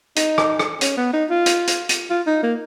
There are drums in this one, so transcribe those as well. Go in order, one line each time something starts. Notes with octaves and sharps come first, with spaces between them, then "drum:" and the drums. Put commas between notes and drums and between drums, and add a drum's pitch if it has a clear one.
D#4, drum: hi-hat
drum: rim click
drum: rim click
C#4, drum: hi-hat
B3
D#4
F4
drum: hi-hat
drum: hi-hat
drum: hi-hat
F4
D#4
A#3